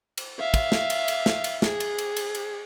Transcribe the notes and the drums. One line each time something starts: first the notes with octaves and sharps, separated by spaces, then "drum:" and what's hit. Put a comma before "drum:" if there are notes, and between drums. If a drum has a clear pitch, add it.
drum: cymbal
E5 F5
drum: kick, cymbal
drum: snare
drum: cymbal
drum: cymbal
drum: snare
drum: cymbal
G#4, drum: snare
drum: cymbal
drum: cymbal
drum: cymbal
drum: cymbal